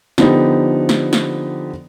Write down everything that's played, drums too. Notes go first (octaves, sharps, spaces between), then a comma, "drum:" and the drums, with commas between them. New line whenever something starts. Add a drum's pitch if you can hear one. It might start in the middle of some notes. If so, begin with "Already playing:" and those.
D3 F3 B3 D#4 G4, drum: snare
drum: snare
drum: snare